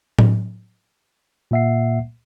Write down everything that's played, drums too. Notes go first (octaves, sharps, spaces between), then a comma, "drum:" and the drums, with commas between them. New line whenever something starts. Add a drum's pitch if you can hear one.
drum: tom A2
A#2 A#3 E5 F#5 C7